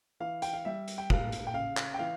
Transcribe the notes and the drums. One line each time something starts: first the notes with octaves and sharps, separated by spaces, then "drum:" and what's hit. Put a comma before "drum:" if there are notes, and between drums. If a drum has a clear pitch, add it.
E3 F5
G5, drum: hi-hat
F5
G3 E5
drum: hi-hat
G5
A#3 F5, drum: kick
drum: hi-hat
G5
C#3 F5
drum: clap
G5
E3 F5